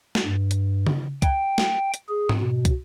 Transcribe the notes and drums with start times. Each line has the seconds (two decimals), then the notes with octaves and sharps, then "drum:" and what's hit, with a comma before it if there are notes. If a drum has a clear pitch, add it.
0.15 drum: snare
0.25 G2
0.51 drum: hi-hat
0.87 drum: tom C#3
1.22 G5, drum: kick, hi-hat
1.58 drum: snare
1.94 drum: hi-hat
2.08 G#4
2.29 drum: tom G#2
2.41 B2
2.65 drum: kick, hi-hat